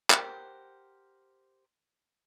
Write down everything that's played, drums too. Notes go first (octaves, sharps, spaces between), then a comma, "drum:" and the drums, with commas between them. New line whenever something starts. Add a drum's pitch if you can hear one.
G4 A#4 C5 F#5, drum: clap